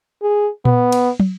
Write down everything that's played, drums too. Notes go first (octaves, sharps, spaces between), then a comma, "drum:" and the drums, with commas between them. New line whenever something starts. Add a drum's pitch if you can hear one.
G#4
B3, drum: tom A#2
drum: cymbal
drum: tom